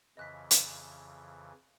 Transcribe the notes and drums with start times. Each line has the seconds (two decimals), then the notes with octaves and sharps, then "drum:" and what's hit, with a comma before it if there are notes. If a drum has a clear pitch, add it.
0.17 F2 C#3 E3 D#5 F#6 B6
0.51 drum: hi-hat